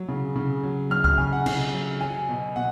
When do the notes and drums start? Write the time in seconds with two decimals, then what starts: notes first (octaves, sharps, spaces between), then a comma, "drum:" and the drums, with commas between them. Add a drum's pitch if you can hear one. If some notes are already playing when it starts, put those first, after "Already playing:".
Already playing: F#3
0.08 C#3
0.36 C#3
0.63 F#3
0.90 F#3 F6
1.04 F6, drum: kick C2
1.18 C#3 G#5
1.33 F#5
1.46 C#3, drum: cymbal
1.73 F#3
2.01 F#3 G#5
2.29 B2
2.56 B2 F#5